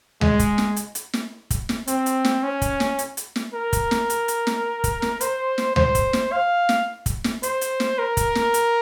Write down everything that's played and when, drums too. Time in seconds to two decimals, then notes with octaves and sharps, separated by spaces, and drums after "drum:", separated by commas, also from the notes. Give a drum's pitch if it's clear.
0.21 G#3, drum: tom D2
0.39 drum: kick, hi-hat
0.58 drum: snare
0.76 drum: hi-hat
0.95 drum: hi-hat
1.13 drum: snare
1.50 drum: kick, hi-hat
1.69 drum: snare
1.87 C4, drum: hi-hat
2.06 drum: hi-hat
2.25 drum: snare
2.43 C#4
2.62 drum: kick, hi-hat
2.80 drum: snare
2.99 drum: hi-hat
3.17 drum: hi-hat
3.36 drum: snare
3.54 A#4
3.73 drum: kick, hi-hat
3.91 drum: snare
4.10 drum: hi-hat
4.28 drum: hi-hat
4.47 drum: snare
4.84 drum: kick, hi-hat
5.02 drum: snare
5.21 C5, drum: hi-hat
5.58 drum: snare
5.76 C5, drum: tom D2
5.95 drum: kick, hi-hat
6.13 drum: snare
6.32 F5
6.69 drum: snare
7.06 drum: kick, hi-hat
7.24 drum: snare
7.43 C5, drum: hi-hat
7.61 drum: hi-hat
7.80 drum: snare
7.98 A#4
8.17 drum: kick, hi-hat
8.35 drum: snare
8.54 drum: hi-hat